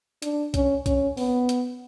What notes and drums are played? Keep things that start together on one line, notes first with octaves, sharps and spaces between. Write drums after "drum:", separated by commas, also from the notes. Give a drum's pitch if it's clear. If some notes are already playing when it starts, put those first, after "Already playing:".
D4, drum: hi-hat
C#4, drum: kick B1, hi-hat
C#4, drum: kick B1, hi-hat
B3, drum: open hi-hat
drum: hi-hat